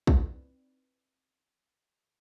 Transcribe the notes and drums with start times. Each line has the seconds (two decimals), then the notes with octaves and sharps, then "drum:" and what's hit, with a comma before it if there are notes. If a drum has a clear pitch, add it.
0.07 C4 D#4 E4 B4 D5, drum: kick